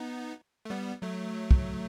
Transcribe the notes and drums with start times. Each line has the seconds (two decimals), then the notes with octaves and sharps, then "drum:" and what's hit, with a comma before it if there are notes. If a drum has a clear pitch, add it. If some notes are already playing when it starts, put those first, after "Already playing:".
Already playing: B3 D#4
0.65 A3
0.70 G3 B3
1.02 F#3 A3
1.51 drum: kick